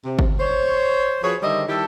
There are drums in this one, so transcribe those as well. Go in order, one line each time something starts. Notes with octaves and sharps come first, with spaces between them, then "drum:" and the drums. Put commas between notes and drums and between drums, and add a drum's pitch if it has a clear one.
C3
drum: kick
C5 C#5
F3 F#4 G#4 B4 C#5
D3 D#3 G3 C5 D#5 E5
D#3 G3 E4 G4 A4